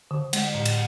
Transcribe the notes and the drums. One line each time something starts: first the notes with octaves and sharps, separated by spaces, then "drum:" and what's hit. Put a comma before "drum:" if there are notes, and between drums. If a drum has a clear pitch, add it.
D3
G#3, drum: cymbal
A2
drum: cymbal